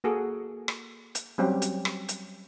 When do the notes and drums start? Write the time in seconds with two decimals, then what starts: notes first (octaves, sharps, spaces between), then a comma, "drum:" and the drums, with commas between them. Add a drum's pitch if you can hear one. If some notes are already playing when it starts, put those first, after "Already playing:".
0.04 A#3 F#4 G#4 A4
0.68 drum: rim click
1.15 drum: hi-hat
1.38 F#3 G3 C4 C#4 G4
1.62 drum: hi-hat
1.85 drum: rim click
2.08 drum: hi-hat